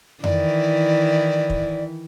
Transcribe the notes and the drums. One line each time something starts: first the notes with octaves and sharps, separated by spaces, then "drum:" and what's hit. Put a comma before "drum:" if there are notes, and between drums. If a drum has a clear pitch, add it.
D#3 E3 E4 D5, drum: tom F2
drum: kick